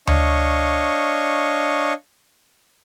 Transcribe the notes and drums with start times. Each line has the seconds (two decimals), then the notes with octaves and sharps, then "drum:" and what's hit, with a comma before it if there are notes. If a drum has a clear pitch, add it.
0.07 D4 C#5 D#5 F5 C#6, drum: tom D2